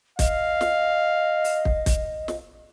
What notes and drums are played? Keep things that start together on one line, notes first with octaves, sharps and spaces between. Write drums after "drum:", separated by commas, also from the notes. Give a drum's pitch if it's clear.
D#5 F5, drum: kick, hi-hat
drum: snare
drum: open hi-hat
drum: kick
drum: kick, hi-hat
drum: snare